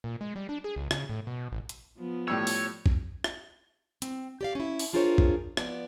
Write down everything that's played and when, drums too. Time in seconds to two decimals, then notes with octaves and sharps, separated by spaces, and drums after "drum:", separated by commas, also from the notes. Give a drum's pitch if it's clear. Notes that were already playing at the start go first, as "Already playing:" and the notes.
0.04 A#2
0.21 G#3
0.36 G3
0.49 D4
0.64 G#4
0.76 C#2
0.91 C#3, drum: rim click
1.09 A2
1.27 B2
1.52 A1
1.69 drum: hi-hat
1.98 F3 B3
2.28 A2 G3 C#5 E6
2.47 drum: open hi-hat
2.86 drum: kick
3.24 drum: rim click
4.02 C4, drum: hi-hat
4.41 G4 D5 F5
4.55 C#4 E4
4.79 drum: open hi-hat
4.93 D4 F4 G#4 A#4 C5 C#5
5.18 drum: kick
5.57 F3 B3 D5, drum: rim click